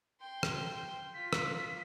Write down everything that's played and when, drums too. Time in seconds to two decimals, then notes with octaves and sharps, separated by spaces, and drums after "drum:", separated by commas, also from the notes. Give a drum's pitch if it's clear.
0.21 G5 C6
0.43 drum: rim click
1.14 F4 B6
1.33 drum: rim click